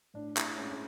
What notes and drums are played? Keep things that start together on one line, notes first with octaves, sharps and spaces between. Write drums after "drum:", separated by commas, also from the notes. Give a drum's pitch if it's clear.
A2 D4
E4, drum: clap
G#3 C#4
C#4